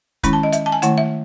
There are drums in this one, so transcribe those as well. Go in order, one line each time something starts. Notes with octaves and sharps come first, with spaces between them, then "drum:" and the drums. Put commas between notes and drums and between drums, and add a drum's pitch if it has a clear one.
D#3 G#3 C#4 E4 B5, drum: kick, hi-hat
A5
D#5
E5, drum: hi-hat
A5
G#5
D#3 A3 E4 F#5, drum: hi-hat
E5